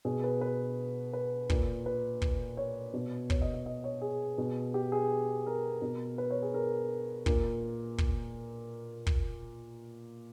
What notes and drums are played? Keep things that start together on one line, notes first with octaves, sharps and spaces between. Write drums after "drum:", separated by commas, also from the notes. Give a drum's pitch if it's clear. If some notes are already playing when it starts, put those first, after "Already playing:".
B2 G#4
B4
B4
B4
A#2, drum: kick
B4
drum: kick
C#5
B2
C#5, drum: kick
D#5
D#5
D#5
C#5
G#4
B2
G4
G#4
A#4
B2
B4
C#5
G#4
A#4
A#2 A#4, drum: kick
drum: kick
drum: kick